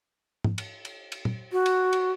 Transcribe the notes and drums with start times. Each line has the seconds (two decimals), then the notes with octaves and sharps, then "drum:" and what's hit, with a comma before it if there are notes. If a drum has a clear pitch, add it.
0.44 drum: tom G#2
0.58 drum: cymbal
0.85 drum: cymbal
1.12 drum: cymbal
1.25 drum: tom
1.52 F#4
1.66 drum: cymbal
1.93 drum: cymbal